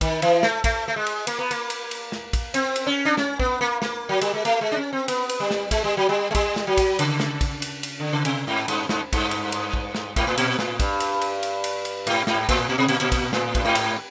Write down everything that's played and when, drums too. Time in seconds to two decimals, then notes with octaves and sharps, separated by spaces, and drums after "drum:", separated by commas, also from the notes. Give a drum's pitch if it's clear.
0.01 D#3, drum: kick, cymbal
0.22 E3, drum: cymbal
0.43 A3, drum: snare
0.64 A3, drum: kick, cymbal
0.88 A3
0.96 G#3
1.06 drum: cymbal
1.27 A#3, drum: cymbal
1.39 B3
1.51 A#3, drum: cymbal
1.70 drum: cymbal
1.91 drum: cymbal
2.12 drum: snare
2.33 drum: kick, cymbal
2.54 C4, drum: cymbal
2.76 drum: cymbal
2.87 C#4
3.05 D4
3.17 C#4, drum: snare
3.39 B3, drum: kick
3.61 A#3
3.82 A#3, drum: snare
4.09 F#3
4.21 G3, drum: cymbal
4.34 G#3
4.45 A3, drum: cymbal
4.61 G#3
4.72 D4
4.77 C#4
4.93 C4
5.08 B3, drum: cymbal
5.29 drum: cymbal
5.40 G3
5.51 drum: snare
5.71 G#3, drum: kick, cymbal
5.84 G3
5.97 F#3
6.09 G3
6.31 G#3
6.35 G3, drum: kick, cymbal
6.56 drum: snare
6.67 F#3
6.77 drum: kick, cymbal
6.99 C#3, drum: cymbal
7.20 drum: snare
7.41 drum: kick, cymbal
7.62 drum: cymbal
7.83 drum: cymbal
8.00 D3
8.13 C#3
8.25 C3, drum: cymbal
8.47 G#2
8.68 G2, drum: cymbal
8.89 G2, drum: snare
9.13 G2, drum: kick, cymbal
9.31 drum: cymbal
9.52 drum: cymbal
9.73 drum: kick
9.95 drum: snare
10.16 G#2, drum: kick, cymbal
10.27 A2
10.38 A#2, drum: cymbal
10.59 A2, drum: snare
10.80 G2, drum: kick, cymbal
11.00 drum: cymbal
11.21 drum: cymbal
11.43 drum: cymbal
11.64 drum: cymbal
11.85 drum: cymbal
12.07 G#2, drum: cymbal
12.27 G#2, drum: snare
12.49 A2, drum: kick, cymbal
12.69 A#2
12.78 B2
12.88 A#2, drum: cymbal
13.01 A#2
13.12 drum: kick, cymbal
13.33 A2, drum: snare
13.55 G2, drum: kick, cymbal
13.65 G#2
13.75 drum: cymbal